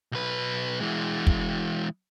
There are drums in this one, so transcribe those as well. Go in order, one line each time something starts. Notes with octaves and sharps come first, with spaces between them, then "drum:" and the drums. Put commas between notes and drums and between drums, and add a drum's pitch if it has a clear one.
B1 B4
E3 G#3
drum: kick